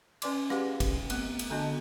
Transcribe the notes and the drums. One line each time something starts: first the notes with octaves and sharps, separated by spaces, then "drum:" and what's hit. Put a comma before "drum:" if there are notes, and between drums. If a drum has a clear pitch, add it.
C#4 B4 D5 C6 D6, drum: cymbal
G4 G#4 B4 F5 F#5, drum: rim click
drum: kick, cymbal
A3 B3 C4, drum: cymbal
drum: cymbal
D3 B3 D4 F#4 D#5 A5